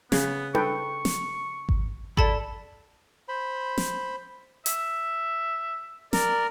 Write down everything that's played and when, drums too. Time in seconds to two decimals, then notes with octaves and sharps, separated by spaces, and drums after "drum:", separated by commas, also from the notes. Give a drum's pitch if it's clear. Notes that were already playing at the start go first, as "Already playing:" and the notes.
0.12 C#3 B3, drum: snare
0.55 A4 B4 G5 C#6, drum: tom D4
1.05 drum: snare
1.69 drum: kick G#1
2.17 E4 A4 D5 A5 B5, drum: kick G#1
3.28 C5 B5
3.78 drum: snare
4.66 E5, drum: hi-hat
6.13 A#4 D5, drum: snare